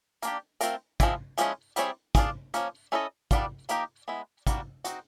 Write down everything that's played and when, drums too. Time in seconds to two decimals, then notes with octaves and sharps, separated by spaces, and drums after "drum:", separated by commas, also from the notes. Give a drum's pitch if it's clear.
0.22 A#3 D4 G4, drum: hi-hat
0.61 A3 C4 F4 A#4, drum: hi-hat
1.00 F3 G#3 C4 E4, drum: kick, hi-hat
1.38 F3 G#3 C#4 E4, drum: hi-hat
1.76 G3 C4 E4 G#4 C#5, drum: hi-hat
2.15 D4 F4 G#4, drum: kick, hi-hat
2.54 F3 A#3 C#4, drum: hi-hat
2.92 C#4 E4 A4 C5 D#5
3.31 G3 B3 D4 F4, drum: kick, hi-hat
3.69 F3 A#3 D#4 G4 A#4, drum: hi-hat
4.08 G#3 B3 E4
4.47 G3 A#3 D4 F#4, drum: kick, hi-hat
4.84 C4 D#4 F#4, drum: hi-hat